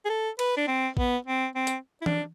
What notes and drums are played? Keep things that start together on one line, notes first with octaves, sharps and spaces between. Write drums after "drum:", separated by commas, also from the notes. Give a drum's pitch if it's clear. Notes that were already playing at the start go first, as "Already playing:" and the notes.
G#4
A4
B4, drum: cymbal
D4
C4
B3, drum: kick A1
C4
C4
drum: hi-hat
E4
D4, drum: tom E3